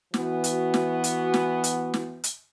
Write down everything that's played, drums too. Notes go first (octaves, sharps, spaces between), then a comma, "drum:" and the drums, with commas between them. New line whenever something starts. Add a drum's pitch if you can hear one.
E3 B3 F#4, drum: snare
drum: hi-hat
drum: snare
drum: hi-hat
drum: snare
drum: hi-hat
drum: snare
drum: hi-hat